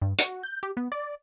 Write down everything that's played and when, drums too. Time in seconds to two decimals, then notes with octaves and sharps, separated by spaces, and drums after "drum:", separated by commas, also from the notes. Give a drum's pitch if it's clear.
0.02 G2
0.19 F#4, drum: hi-hat
0.43 G6
0.63 G4
0.77 B3
0.92 D5